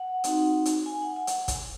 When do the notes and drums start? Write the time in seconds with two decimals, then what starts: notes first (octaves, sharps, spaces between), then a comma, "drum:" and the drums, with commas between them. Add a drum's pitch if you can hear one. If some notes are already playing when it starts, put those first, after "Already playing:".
Already playing: F#5
0.24 C4 D#4 F#4, drum: hi-hat
0.65 drum: hi-hat
0.86 G#5
1.02 F#5
1.16 F#5
1.27 drum: hi-hat
1.48 drum: kick, hi-hat